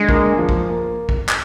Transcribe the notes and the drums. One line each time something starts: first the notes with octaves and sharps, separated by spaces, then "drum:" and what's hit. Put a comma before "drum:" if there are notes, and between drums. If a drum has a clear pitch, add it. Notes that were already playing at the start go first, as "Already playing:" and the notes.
Already playing: D3 G#3
A#3, drum: kick
F3
drum: kick
A#3
drum: kick
drum: clap